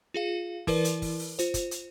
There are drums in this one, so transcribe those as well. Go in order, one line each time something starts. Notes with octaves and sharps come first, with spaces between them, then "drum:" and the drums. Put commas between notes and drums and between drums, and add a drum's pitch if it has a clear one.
F4 G#4 F5
E3 E4 A#4 B4 D5, drum: kick, open hi-hat
drum: hi-hat
drum: kick, open hi-hat
drum: open hi-hat
F4 C5, drum: hi-hat
drum: kick, hi-hat
drum: hi-hat